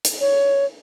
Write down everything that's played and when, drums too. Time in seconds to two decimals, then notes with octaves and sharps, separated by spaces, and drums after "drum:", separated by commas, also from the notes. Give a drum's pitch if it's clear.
0.05 drum: hi-hat
0.20 C#5